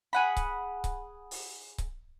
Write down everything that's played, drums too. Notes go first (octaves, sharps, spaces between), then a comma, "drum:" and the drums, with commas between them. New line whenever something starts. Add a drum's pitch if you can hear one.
G#4 F#5 B5
drum: kick C#1, hi-hat
drum: kick C#1, hi-hat
drum: open hi-hat
drum: kick C#1, hi-hat